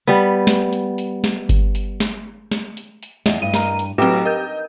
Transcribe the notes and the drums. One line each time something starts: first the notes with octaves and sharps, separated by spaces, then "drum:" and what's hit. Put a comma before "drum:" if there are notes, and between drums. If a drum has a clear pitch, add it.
G3 B3
drum: snare
drum: hi-hat
drum: hi-hat
drum: snare
drum: kick G1, hi-hat
drum: hi-hat
drum: snare
drum: snare
drum: hi-hat
drum: hi-hat
E2 D#5, drum: snare
G2 D#7
A#4, drum: snare
drum: hi-hat
A2 F#3 C4 D#4 G4 B4
A#4 D#5 G6